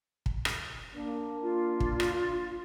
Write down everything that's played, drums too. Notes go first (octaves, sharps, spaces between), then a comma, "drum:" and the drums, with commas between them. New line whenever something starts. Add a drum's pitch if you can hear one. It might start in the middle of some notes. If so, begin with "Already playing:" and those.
drum: kick
drum: rim click
A#3 D4
F4
drum: kick
drum: rim click